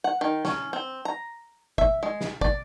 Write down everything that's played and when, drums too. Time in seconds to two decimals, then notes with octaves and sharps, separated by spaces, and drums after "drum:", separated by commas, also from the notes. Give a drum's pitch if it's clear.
0.04 F#5
0.21 D#3
0.45 C#4, drum: snare
0.73 C4
1.05 A#5
1.78 E5, drum: kick
2.03 G#3
2.21 drum: snare
2.41 D5, drum: kick